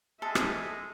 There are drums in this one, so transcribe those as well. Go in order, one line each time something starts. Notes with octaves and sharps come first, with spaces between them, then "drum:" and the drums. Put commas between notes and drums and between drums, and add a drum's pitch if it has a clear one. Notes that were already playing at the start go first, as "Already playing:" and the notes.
G#3 A4 E5
drum: rim click